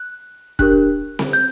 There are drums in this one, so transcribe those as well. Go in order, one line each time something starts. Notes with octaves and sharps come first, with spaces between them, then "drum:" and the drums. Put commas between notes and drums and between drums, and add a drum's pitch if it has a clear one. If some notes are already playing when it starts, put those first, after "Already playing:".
Already playing: F#6
D4 G4 A#4 F#6, drum: kick E1
drum: snare C4
G6